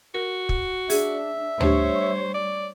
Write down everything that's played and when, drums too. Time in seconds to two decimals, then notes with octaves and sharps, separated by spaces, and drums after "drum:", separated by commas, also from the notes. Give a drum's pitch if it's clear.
0.15 F#4 A#4
0.49 drum: kick
0.90 D4 G#4 E5, drum: open hi-hat
1.60 G3 A3 D4 G4 C5 C#5, drum: tom D2
2.34 D5